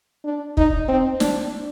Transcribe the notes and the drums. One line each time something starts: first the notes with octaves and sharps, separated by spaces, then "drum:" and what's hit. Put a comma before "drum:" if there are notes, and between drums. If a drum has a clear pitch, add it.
D4
D#4, drum: kick
C4
D4, drum: snare